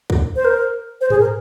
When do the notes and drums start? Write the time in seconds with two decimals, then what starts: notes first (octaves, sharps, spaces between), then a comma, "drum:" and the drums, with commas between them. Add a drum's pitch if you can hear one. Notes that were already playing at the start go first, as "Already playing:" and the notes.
0.10 drum: kick
0.36 C5
0.45 A#4
1.01 C5
1.10 G#4, drum: tom G#2
1.20 A#4